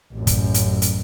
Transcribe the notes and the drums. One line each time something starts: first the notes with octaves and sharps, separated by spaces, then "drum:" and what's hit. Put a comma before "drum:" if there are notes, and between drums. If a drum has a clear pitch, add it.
A1 F#2
drum: kick, hi-hat
drum: hi-hat
drum: hi-hat